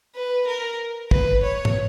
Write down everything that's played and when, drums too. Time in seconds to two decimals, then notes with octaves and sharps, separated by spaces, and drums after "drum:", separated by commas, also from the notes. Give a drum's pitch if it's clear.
0.15 B4
0.47 A#4
1.11 B4, drum: kick
1.43 C#5
1.65 drum: tom